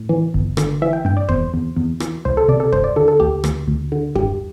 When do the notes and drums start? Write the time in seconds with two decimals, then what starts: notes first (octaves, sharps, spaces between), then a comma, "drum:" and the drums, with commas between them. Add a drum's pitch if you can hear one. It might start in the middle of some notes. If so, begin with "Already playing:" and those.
Already playing: A2
0.09 E3
0.34 G1
0.57 D3, drum: rim click
0.82 E3 E5
0.93 G5
1.05 G2 G5
1.17 D5
1.29 E2 C5, drum: kick
1.54 E2
1.76 E2
2.00 E3, drum: rim click
2.25 C2 C5
2.37 A4
2.48 C3 D5
2.60 A4
2.72 G2 C5, drum: kick
2.84 D5
2.96 D3 A4
3.08 A4
3.20 D2 G4
3.44 D2, drum: rim click
3.67 D2
3.92 D3
4.15 G2 G4, drum: kick